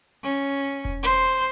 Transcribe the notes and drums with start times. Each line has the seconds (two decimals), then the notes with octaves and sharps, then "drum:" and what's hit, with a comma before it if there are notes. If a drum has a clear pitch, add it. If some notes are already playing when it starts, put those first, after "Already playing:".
0.24 C#4
0.85 drum: kick E1
1.03 C5